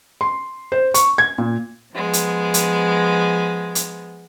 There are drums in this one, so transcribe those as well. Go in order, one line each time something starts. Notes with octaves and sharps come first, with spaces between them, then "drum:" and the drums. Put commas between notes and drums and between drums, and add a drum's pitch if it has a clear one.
C6
C5
C#6, drum: hi-hat
G#6
A#2
F3 G#3 B3
drum: hi-hat
drum: hi-hat
drum: hi-hat